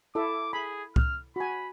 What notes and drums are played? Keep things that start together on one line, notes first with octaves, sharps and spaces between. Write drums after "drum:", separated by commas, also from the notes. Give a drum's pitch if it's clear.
E4 A4 E5 D6
G#4 B5
F6, drum: kick
F#4 G#5 B5